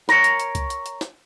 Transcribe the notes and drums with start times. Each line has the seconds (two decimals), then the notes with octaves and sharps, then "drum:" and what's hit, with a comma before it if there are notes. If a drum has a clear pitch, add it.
0.09 A#4 C#5, drum: snare
0.24 drum: hi-hat
0.40 drum: hi-hat
0.55 drum: kick, hi-hat
0.70 drum: hi-hat
0.86 drum: hi-hat
1.01 drum: snare